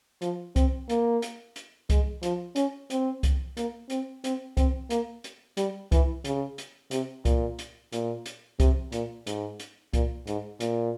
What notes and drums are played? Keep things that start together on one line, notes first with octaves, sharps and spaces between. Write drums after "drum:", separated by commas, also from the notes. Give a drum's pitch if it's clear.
F3, drum: hi-hat
C4, drum: kick C2, hi-hat
A#3, drum: hi-hat
drum: hi-hat
drum: hi-hat
G#3, drum: kick C2, hi-hat
F3, drum: hi-hat
C#4, drum: hi-hat
C4, drum: hi-hat
drum: kick C2, hi-hat
A#3, drum: hi-hat
C4, drum: hi-hat
C4, drum: hi-hat
C4, drum: kick C2, hi-hat
A#3, drum: hi-hat
drum: hi-hat
G3, drum: hi-hat
E3, drum: kick C2, hi-hat
C#3, drum: hi-hat
drum: hi-hat
C3, drum: hi-hat
A#2, drum: kick C2, hi-hat
drum: hi-hat
A#2, drum: hi-hat
drum: hi-hat
C3, drum: kick C2, hi-hat
A#2, drum: hi-hat
G#2, drum: hi-hat
drum: hi-hat
A#2, drum: kick C2, hi-hat
G#2, drum: hi-hat
A#2, drum: hi-hat